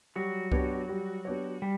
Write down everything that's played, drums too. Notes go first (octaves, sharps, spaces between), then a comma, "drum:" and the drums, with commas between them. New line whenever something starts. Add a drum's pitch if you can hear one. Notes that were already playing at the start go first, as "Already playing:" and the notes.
F#3 G3 F#4
B3 D4 G4 C#5, drum: kick C2
G3
B3 D4 G4 C#5
G3